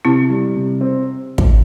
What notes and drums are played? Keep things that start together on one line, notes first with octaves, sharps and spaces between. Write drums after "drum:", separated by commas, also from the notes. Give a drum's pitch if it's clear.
C3 C4 E4
G3
C3
C4
drum: kick